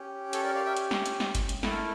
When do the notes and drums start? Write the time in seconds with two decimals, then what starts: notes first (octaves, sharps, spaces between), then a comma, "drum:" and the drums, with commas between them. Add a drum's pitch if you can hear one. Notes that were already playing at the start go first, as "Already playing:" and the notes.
Already playing: C#4 G4
0.33 A4 C#5, drum: hi-hat
0.43 A#4 D5
0.55 D5 F5
0.65 E5 G5
0.77 drum: hi-hat
0.91 drum: snare
1.06 drum: hi-hat
1.20 drum: snare
1.35 drum: kick G1, hi-hat
1.49 drum: hi-hat
1.63 A3 E4 A4, drum: snare
1.72 A#4